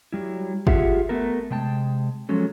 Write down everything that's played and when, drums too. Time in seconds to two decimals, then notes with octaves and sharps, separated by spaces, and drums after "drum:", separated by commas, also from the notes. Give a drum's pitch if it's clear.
0.13 F#3 G3 E4
0.67 F4 G4 G#4 E5 F#5, drum: kick
1.09 A3 B3 A4 A#4
1.50 C3 G#3 G5 A5
2.29 F3 F#3 G#3 C#4 A4